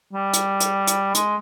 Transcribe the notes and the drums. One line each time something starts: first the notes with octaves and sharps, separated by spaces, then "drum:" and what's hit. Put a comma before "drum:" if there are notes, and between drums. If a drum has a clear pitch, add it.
G3
drum: hi-hat
drum: hi-hat
drum: hi-hat
G#3, drum: hi-hat